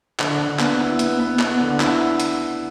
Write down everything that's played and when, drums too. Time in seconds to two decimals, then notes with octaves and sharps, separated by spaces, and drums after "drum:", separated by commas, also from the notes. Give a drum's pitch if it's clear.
0.19 D3, drum: clap
0.40 D3
0.59 B3, drum: clap
0.80 E4
0.99 B3, drum: hi-hat
1.19 B3
1.39 B3, drum: clap
1.60 D3
1.80 E4, drum: clap
2.20 drum: hi-hat